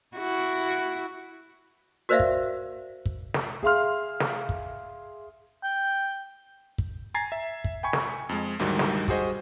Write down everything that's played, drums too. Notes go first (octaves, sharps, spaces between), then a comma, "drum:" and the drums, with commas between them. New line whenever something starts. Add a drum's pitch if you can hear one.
E4 F#4
F#4 A#4 C5 D5 E5 F5
drum: kick
drum: kick
drum: snare
G#4 E5 F5 C6 F6
drum: snare
drum: kick
G5
drum: kick
G#5 A#5 G#6 A6 C7
E5
drum: kick
G5 G#5 B5 C#6 G#6
drum: snare
F2 G#3
D2 G#2 D#3 F#3 G3
drum: snare
G3 F#4 G#4 C5 D#5, drum: kick